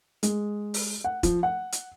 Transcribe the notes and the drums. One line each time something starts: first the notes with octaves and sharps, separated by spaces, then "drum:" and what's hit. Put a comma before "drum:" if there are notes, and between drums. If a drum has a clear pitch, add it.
G#3, drum: hi-hat
drum: open hi-hat
F#5
F3, drum: kick E1, hi-hat
F#5
drum: hi-hat